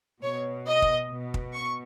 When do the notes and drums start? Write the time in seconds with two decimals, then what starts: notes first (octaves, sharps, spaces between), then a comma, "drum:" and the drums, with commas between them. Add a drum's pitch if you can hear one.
0.22 B2 C#5
0.67 D#5
0.82 drum: kick
1.10 B2
1.34 drum: kick
1.54 C#6